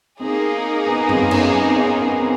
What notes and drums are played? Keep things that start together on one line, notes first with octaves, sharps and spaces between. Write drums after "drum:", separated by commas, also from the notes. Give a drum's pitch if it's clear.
A#3 C4 D#4 G#4
B3
C4, drum: tom
B3 C#4, drum: cymbal
C4
B3 C#4
B3
C4